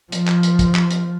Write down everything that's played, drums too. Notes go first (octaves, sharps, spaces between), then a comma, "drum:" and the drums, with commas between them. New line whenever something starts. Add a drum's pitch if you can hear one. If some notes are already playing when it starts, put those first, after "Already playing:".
F3, drum: hi-hat
drum: clap
drum: hi-hat
drum: kick, hi-hat
drum: clap
drum: hi-hat